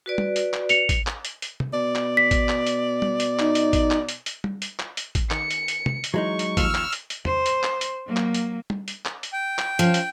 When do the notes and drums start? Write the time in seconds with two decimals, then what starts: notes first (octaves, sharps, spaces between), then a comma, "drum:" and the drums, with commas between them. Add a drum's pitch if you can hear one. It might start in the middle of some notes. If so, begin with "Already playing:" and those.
0.06 F#4 B4 D5
0.18 drum: tom
0.36 drum: hi-hat
0.54 drum: clap
0.69 C#7 F7, drum: hi-hat
0.89 drum: kick A1, hi-hat
1.07 drum: clap
1.25 drum: hi-hat
1.42 drum: hi-hat
1.60 drum: tom
1.73 B2 D5
1.96 drum: clap
2.17 B6
2.31 drum: kick A1, hi-hat
2.49 drum: clap
2.67 drum: hi-hat
3.02 drum: tom
3.20 drum: hi-hat
3.39 D#4, drum: clap
3.55 drum: hi-hat
3.73 drum: kick A1, hi-hat
3.91 drum: clap
4.09 drum: hi-hat
4.26 drum: hi-hat
4.44 drum: tom
4.62 drum: hi-hat
4.80 drum: clap
4.97 drum: hi-hat
5.15 drum: kick A1, hi-hat
5.31 D#3 C#7, drum: clap
5.51 drum: hi-hat
5.68 drum: hi-hat
5.86 drum: tom
6.04 drum: hi-hat
6.14 E3 F#3 G#3 D#4 C#6
6.39 drum: hi-hat
6.57 D#2 F3 E6 F6, drum: kick A1, hi-hat
6.75 drum: clap
6.92 drum: hi-hat
7.10 drum: hi-hat
7.25 C5, drum: tom
7.46 drum: hi-hat
7.63 drum: clap
7.81 drum: hi-hat
8.07 F#3 A#3
8.17 drum: clap
8.34 drum: hi-hat
8.70 drum: tom
8.88 drum: hi-hat
9.05 drum: clap
9.23 drum: hi-hat
9.33 G5
9.59 drum: clap
9.79 F3 C#4, drum: hi-hat
9.94 drum: hi-hat